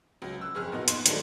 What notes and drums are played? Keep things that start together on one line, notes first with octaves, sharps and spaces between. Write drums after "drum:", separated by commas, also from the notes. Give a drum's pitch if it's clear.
C#2 F#3
E6 F#6
F#1 F2 G#4 F6
A#2 B3 D#4 F#4
C6, drum: hi-hat
D#3 F#3 G#3 A3 D4, drum: hi-hat